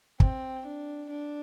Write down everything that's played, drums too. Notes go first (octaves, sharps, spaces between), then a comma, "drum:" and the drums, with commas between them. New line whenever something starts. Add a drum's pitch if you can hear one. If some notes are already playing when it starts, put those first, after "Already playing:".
C4, drum: kick
D4
D4